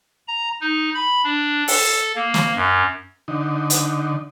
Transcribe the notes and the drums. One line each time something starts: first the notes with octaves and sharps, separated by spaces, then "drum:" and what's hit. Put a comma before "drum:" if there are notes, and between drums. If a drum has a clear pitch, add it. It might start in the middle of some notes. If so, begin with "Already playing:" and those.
A#5
D#4
B5
D4
A4, drum: open hi-hat
A#3
drum: snare
F#2
D3 D#4
drum: hi-hat